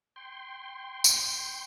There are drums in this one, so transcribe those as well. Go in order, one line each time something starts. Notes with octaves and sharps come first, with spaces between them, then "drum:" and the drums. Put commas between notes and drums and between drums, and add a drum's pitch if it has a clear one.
G5 C6
drum: tambourine